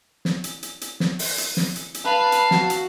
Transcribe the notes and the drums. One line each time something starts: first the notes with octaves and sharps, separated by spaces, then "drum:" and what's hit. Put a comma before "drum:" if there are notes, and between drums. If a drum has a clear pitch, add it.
drum: snare
drum: hi-hat
drum: hi-hat
drum: hi-hat
drum: snare
drum: open hi-hat
drum: hi-hat
drum: snare
drum: hi-hat
drum: hi-hat
B4 F5 A5
drum: hi-hat
F#4, drum: snare
drum: hi-hat